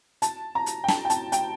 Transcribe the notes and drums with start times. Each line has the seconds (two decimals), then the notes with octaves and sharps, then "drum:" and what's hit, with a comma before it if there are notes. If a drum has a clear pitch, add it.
0.22 A5, drum: hi-hat
0.55 A#5
0.66 drum: hi-hat
0.84 G5
0.88 A5, drum: snare
1.05 G5
1.10 A5, drum: hi-hat
1.32 G5, drum: hi-hat